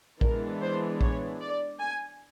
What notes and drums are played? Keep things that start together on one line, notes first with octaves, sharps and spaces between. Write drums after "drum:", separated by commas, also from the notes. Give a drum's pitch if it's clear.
E3 G#3 B3 D4 A#4, drum: kick A#1
C5
C#5, drum: kick A#1
D5
G#5